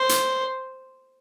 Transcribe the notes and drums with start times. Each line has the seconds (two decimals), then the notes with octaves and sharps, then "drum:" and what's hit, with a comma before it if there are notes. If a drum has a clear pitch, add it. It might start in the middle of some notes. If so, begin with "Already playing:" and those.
Already playing: C5
0.09 drum: hi-hat